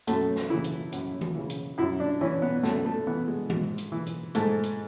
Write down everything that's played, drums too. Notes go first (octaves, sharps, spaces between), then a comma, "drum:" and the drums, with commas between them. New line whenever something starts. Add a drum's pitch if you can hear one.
F#2 A3, drum: hi-hat
drum: snare
C#3 E3 E4
drum: hi-hat
F#2, drum: hi-hat
drum: tom D#3
C#3 E3
drum: hi-hat
F#2 E4
D4
E3 C#4
B3
F#2 A3, drum: snare
A3
E3 B3
G#3
G#2, drum: tom D#3
drum: hi-hat
E3
drum: hi-hat
G#2 A3, drum: hi-hat
drum: hi-hat